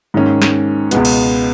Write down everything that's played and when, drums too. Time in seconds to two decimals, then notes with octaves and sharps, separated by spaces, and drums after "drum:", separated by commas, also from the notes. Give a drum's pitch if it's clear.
0.14 G#2 D#3 A#3 C#4
0.42 drum: snare
0.91 C#2 B2 G#3 B3, drum: hi-hat
1.05 drum: cymbal